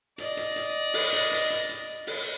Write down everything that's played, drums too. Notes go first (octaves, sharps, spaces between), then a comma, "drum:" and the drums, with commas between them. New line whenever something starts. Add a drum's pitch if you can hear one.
D5 D#5, drum: hi-hat
drum: hi-hat
drum: hi-hat
drum: open hi-hat
drum: hi-hat
drum: hi-hat
drum: hi-hat
drum: hi-hat
drum: open hi-hat